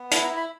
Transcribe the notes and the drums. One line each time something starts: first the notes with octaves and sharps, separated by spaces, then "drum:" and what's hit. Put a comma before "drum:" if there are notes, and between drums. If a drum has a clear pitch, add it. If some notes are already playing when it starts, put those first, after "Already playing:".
Already playing: B3
E4 A5, drum: hi-hat
A#5
E4
B5